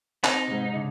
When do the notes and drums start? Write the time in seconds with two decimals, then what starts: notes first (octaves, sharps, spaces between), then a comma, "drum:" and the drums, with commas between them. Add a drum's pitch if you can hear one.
0.24 C4 D#4, drum: clap
0.47 G#2 C3
0.72 C#3 D4